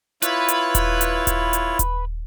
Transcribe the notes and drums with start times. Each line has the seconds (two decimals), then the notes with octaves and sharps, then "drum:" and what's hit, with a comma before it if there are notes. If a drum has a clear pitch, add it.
0.22 E4 F4 B4 C#5, drum: hi-hat
0.48 drum: hi-hat
0.75 drum: kick D#1, hi-hat
1.01 drum: hi-hat
1.27 drum: kick D#1, hi-hat
1.53 drum: hi-hat
1.79 drum: kick D#1, hi-hat